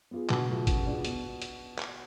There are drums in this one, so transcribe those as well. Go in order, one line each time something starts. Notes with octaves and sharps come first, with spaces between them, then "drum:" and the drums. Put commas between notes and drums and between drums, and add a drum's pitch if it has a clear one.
B3 F4 G#4
B2 D3, drum: clap
F#3 A3 F4 G#4
C#3, drum: kick, hi-hat
G#3 D4 F4 G#4
B2, drum: hi-hat
drum: hi-hat
drum: clap